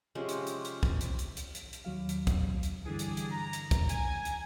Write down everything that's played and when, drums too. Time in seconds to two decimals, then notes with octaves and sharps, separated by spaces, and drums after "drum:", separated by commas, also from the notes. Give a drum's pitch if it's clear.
0.15 C3 F3 G#3 C#4
0.29 drum: hi-hat
0.47 drum: hi-hat
0.65 drum: hi-hat
0.83 drum: kick
1.01 drum: hi-hat
1.19 drum: hi-hat
1.37 drum: hi-hat
1.55 drum: hi-hat
1.73 drum: hi-hat
1.85 D#2 F#3 F5
2.09 drum: hi-hat
2.27 drum: kick, hi-hat
2.63 drum: hi-hat
2.86 G2 D3 E3 D4 G4 G#4
2.99 drum: hi-hat
3.17 drum: hi-hat
3.31 A#5
3.53 drum: hi-hat
3.71 drum: kick, hi-hat
3.89 G#5, drum: hi-hat
4.25 drum: hi-hat